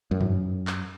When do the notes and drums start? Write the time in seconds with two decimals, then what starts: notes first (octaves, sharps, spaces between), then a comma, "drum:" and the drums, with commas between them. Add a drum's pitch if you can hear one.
0.11 F#2
0.21 drum: tom G2
0.67 drum: clap